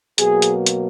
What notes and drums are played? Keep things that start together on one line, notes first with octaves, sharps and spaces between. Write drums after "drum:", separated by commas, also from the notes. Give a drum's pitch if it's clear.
B2 F#3 A#3 G#4, drum: hi-hat
drum: hi-hat
drum: hi-hat